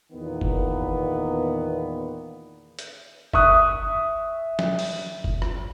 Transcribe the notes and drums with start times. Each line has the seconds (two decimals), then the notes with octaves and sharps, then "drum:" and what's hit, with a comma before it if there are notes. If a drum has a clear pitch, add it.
0.12 E2 A#2 D#3 B3
0.41 drum: kick F#1
2.79 drum: hi-hat
3.33 E5 C#6 D#6 F#6, drum: kick F#1
4.59 drum: snare
4.79 drum: open hi-hat
5.24 drum: kick F#1
5.42 drum: rim click